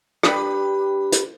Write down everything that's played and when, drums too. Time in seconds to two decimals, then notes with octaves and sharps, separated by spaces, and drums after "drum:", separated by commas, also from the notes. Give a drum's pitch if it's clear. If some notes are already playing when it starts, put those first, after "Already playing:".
0.23 D4 G4 B4, drum: rim click
1.12 drum: hi-hat